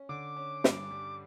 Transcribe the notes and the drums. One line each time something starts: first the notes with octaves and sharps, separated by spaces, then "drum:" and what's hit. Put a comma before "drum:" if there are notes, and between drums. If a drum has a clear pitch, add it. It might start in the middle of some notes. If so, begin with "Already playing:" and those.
Already playing: C#4
D3 D6
C#4
G2, drum: snare
G3